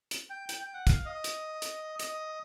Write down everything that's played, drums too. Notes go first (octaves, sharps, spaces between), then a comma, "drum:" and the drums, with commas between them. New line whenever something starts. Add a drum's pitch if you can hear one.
drum: hi-hat
G5
G5, drum: hi-hat
G5
F#5
F5, drum: kick, hi-hat
D#5
drum: hi-hat
drum: hi-hat
D#5, drum: hi-hat